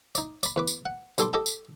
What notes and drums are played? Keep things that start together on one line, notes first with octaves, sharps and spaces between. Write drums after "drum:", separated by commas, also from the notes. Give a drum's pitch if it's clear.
D#4 D5, drum: tambourine
D5 B5, drum: tambourine
E2 B4 D6
drum: tambourine
F#5
B1 G3 A4 G5 C6 D6, drum: tambourine
G4 A4 D#5 G5 A5
drum: tambourine